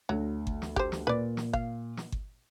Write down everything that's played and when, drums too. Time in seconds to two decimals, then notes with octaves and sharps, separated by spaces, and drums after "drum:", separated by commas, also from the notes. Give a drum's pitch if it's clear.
0.09 D2 F#3
0.47 drum: kick G1
0.62 drum: snare
0.76 G4 C5, drum: kick G1
0.92 drum: snare
1.07 A#2 B4 D5
1.37 drum: snare
1.53 F5, drum: kick G1
1.97 drum: snare
2.12 drum: kick G1